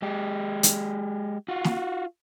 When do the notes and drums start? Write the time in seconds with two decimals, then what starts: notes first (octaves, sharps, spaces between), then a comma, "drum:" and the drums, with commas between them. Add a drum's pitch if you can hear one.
0.02 G#3 G4
0.63 drum: hi-hat
1.48 F4 F#4
1.64 drum: snare